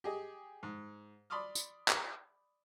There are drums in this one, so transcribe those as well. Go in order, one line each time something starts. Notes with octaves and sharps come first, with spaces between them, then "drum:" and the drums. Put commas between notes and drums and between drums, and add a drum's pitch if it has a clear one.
G4 G#4 D#5
G#2
D5 B5 C6 D6 D#6 F6
drum: tambourine
drum: clap